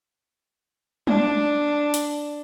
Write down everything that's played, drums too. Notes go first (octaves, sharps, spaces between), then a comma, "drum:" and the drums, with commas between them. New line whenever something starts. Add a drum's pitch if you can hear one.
D4, drum: tom
drum: hi-hat